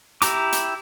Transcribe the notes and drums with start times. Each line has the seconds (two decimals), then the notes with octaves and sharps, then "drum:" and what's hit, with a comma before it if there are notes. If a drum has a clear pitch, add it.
0.22 E4 G4 A#5 D6, drum: hi-hat
0.52 drum: hi-hat